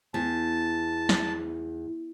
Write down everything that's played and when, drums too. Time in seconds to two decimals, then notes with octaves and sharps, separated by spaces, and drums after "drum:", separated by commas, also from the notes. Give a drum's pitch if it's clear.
0.14 E2 A5
1.09 drum: snare